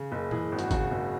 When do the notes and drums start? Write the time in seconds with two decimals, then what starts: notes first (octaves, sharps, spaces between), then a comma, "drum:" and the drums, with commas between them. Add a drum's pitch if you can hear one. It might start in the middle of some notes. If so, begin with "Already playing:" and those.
Already playing: C#3
0.12 F#1
0.31 E3 G#4, drum: tom
0.52 G#1
0.59 F#4, drum: hi-hat
0.71 C#3 F#4, drum: kick G1, hi-hat
0.91 F#1